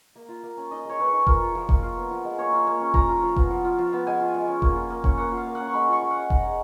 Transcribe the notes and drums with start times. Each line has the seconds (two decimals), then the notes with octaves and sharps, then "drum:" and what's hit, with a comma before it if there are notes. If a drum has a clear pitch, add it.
0.15 A#3
0.29 F4
0.43 A#3
0.57 C#4
0.71 D#4 D#5
0.85 G#3 C#5
0.99 G#3 B4
1.08 C#5
1.13 D#4
1.27 F3 A#4, drum: kick F1
1.41 F4
1.55 F3
1.69 A#3, drum: kick F1
1.82 F4
1.96 B3
2.11 F3
2.25 G#3
2.39 A#3 C#5
2.53 F4
2.67 A#3
2.81 C#4
2.94 F3 A#5, drum: kick F1
3.08 F4
3.23 F3
3.36 B3, drum: kick F1
3.51 F3
3.65 F4
3.78 F3
3.93 B3
4.07 G#3 G#5
4.20 F4
4.34 G#3
4.48 C#4
4.62 A#3, drum: kick F1
4.76 F4
4.90 A#3
5.04 C#4, drum: kick F1
5.18 A#3 F#5
5.32 F4
5.37 F5
5.47 A#3
5.55 C#4 F#5
5.67 C#6
5.73 G#3 B5
5.88 F4 C#6
6.02 G#3
6.11 F#5
6.16 C#4
6.30 D#4, drum: kick F1
6.44 G#3